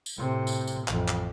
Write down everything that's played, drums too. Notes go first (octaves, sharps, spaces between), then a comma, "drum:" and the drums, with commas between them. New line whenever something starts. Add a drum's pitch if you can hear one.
drum: tambourine
A2 C3
drum: tambourine
drum: tambourine
A1 F2, drum: clap
drum: clap